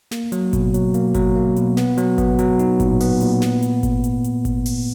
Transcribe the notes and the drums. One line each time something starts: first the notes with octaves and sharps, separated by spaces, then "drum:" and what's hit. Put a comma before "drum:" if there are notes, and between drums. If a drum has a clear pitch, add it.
A#3, drum: snare
F#3, drum: hi-hat
B2, drum: kick G#1, hi-hat
F#3, drum: hi-hat
A#3, drum: hi-hat
F#3, drum: kick G#1, hi-hat
A#3
B2, drum: hi-hat
B3, drum: snare
F#3, drum: hi-hat
B3, drum: kick G#1, hi-hat
F#3, drum: hi-hat
D#4, drum: hi-hat
A#2, drum: kick G#1, hi-hat
B3, drum: open hi-hat
A#2, drum: hi-hat
B3, drum: snare
drum: hi-hat
drum: kick G#1, hi-hat
drum: hi-hat
drum: hi-hat
drum: kick G#1, hi-hat
drum: open hi-hat